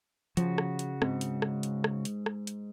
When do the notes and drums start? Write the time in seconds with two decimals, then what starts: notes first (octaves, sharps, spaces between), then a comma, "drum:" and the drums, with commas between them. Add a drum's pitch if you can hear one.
0.37 C#3 F3 F#4, drum: hi-hat
0.58 drum: rim click
0.79 drum: hi-hat
1.02 G#2 C4, drum: rim click
1.21 drum: hi-hat
1.42 drum: rim click
1.63 drum: hi-hat
1.84 drum: rim click
2.05 drum: hi-hat
2.26 drum: rim click
2.47 drum: hi-hat